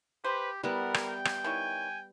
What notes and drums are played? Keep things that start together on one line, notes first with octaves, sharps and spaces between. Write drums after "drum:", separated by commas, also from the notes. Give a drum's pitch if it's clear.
G4 B4 C5
G3 B3 E4 A#4 F#5
drum: rim click
G5
drum: rim click
D#3 E4 C#5 G#5